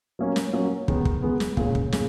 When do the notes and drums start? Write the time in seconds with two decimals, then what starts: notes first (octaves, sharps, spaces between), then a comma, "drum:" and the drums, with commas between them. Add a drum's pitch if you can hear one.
0.19 F#3 A#3 C#4
0.36 drum: snare
0.53 F#3 A#3 C#4
0.88 D#3 G#3 B3, drum: kick
1.05 drum: kick
1.22 D#3 G#3 B3
1.40 drum: snare
1.57 A#2 G#3 C#4, drum: kick
1.75 drum: kick
1.92 A#2 G#3, drum: snare